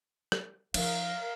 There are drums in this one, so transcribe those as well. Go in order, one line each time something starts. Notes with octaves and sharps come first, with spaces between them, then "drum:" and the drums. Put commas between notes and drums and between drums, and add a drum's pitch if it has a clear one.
drum: rim click
F3 D#4 A#4 F5, drum: cymbal